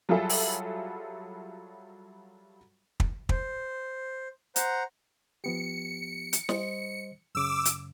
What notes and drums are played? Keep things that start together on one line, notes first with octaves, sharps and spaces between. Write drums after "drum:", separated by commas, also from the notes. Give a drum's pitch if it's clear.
F#3 G3 F4 G#4 A4 E5
drum: open hi-hat
drum: kick
C5, drum: kick
C5 F#5 A#5, drum: hi-hat
F3 B3 G4 C#7
drum: hi-hat
G3 C5 D#5, drum: snare
F#2 C#3 D6 E6
drum: hi-hat